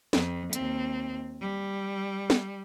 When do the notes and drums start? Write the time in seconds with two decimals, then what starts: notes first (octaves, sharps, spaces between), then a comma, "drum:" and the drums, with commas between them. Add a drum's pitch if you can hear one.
0.13 F2, drum: snare
0.53 D#2 C4, drum: hi-hat
1.41 G3
2.30 drum: snare